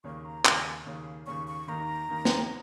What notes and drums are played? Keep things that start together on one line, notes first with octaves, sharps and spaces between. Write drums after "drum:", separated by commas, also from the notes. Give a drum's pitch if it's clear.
D#2 C#3 A#3 C#4 C#6
A#5
D#2 C#3 A#3 C#4 G#5, drum: clap
D#2 C#3 A#3 C#4
D#2 C#3 A#3 C#4 C#6
C#6
D#2 D#3 A#3 D#4 A#5
D#2 D#3 A#3 D#4
drum: snare